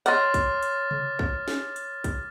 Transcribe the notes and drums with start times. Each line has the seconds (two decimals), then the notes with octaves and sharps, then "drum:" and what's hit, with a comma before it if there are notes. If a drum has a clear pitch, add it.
0.06 C#5 D#5 F#5 C6 D6 F6 A6, drum: hi-hat
0.34 drum: kick, hi-hat
0.63 drum: hi-hat
0.91 drum: tom C3
1.19 drum: kick
1.48 drum: snare
1.76 drum: hi-hat
2.04 drum: kick, hi-hat